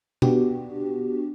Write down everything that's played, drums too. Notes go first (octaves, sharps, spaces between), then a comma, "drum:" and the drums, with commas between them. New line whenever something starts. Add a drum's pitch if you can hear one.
B3 D4 F#4 G4, drum: tom B2